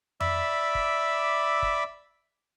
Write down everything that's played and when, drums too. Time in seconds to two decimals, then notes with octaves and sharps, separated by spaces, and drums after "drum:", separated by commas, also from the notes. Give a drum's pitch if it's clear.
0.20 D5 E5 B5 D6 E6, drum: tom F2
0.75 drum: kick
1.63 drum: kick